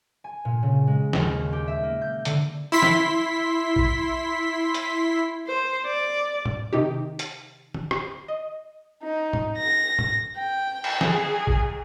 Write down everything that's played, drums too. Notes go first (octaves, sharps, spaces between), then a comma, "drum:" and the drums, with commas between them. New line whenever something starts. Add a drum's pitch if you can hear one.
G#5
A#2
C#3
G#3
D#2, drum: snare
G4
E5
A#3
G6
D3, drum: hi-hat
E4 C6 B6
drum: snare
drum: kick A1
drum: hi-hat
C5
D5
drum: tom
C3 D#3 D#4 G4
drum: hi-hat
drum: tom
drum: rim click
D#5
D#4
drum: tom
A#6
drum: tom
G5
drum: cymbal
G#4, drum: snare
drum: kick A1